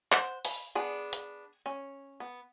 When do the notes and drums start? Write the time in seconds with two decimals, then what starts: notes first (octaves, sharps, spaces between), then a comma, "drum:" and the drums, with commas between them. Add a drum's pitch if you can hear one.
0.12 C5 F#5, drum: clap
0.45 B5, drum: open hi-hat
0.75 B3 D4 G#4
1.13 drum: hi-hat
1.66 C#4
2.20 B3